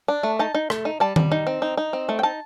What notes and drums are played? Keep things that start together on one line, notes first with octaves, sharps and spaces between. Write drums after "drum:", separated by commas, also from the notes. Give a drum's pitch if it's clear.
D4
A3
D#4 A5
D#4
A3, drum: rim click
D#4
G3 A5
G3, drum: tom D#3
D#4
C4
D#4
D#4
C4
A3
G5
D#4 A5